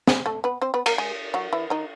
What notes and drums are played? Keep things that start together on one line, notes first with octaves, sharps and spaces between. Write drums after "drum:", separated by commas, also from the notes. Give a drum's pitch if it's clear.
G#3 G#4, drum: snare
A3 A4
B3 B4
C4 C5
B3 B4
A#3 A#4, drum: cymbal
G#3 G#4
F#3 F#4
E3 E4
D#3 D#4